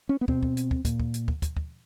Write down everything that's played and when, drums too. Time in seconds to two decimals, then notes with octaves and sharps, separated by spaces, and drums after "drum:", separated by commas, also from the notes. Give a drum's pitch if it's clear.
0.09 C#4
0.21 B3
0.28 B2 C4, drum: kick
0.43 drum: kick
0.57 drum: hi-hat
0.71 drum: kick
0.85 A#2, drum: kick, hi-hat
1.00 drum: kick
1.14 drum: hi-hat
1.28 drum: kick
1.42 drum: kick, hi-hat
1.57 drum: kick